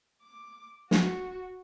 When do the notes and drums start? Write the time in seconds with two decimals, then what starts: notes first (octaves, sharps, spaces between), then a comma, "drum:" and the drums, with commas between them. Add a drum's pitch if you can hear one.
0.23 D6
0.91 F#4, drum: snare